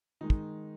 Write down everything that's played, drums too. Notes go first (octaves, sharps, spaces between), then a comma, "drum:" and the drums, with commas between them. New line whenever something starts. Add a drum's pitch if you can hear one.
D#3 G#3 D#4
drum: kick